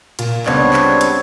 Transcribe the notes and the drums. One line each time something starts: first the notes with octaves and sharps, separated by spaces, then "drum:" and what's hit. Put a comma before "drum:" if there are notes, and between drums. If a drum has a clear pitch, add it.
A#2, drum: hi-hat
C#2 G3 B3 C4 D4 C#5 D5, drum: clap
drum: clap
drum: hi-hat